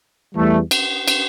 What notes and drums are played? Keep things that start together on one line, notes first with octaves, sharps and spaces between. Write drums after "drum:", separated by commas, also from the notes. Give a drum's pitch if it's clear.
E2 E3 G3 A3
drum: cymbal
drum: cymbal